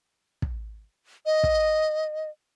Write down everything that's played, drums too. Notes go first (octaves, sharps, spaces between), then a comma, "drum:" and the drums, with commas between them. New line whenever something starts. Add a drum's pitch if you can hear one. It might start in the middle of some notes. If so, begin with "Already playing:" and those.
drum: kick
D#5
drum: kick